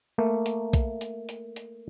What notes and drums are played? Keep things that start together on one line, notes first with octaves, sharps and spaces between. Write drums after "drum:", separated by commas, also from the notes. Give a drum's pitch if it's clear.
A3 A#3
drum: hi-hat
drum: kick, hi-hat
drum: hi-hat
drum: hi-hat
drum: hi-hat